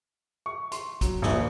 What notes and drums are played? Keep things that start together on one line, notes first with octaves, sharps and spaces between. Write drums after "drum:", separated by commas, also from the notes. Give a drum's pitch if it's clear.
C#6
C6, drum: hi-hat
F#3, drum: kick G#1, hi-hat
D#1 A#1, drum: snare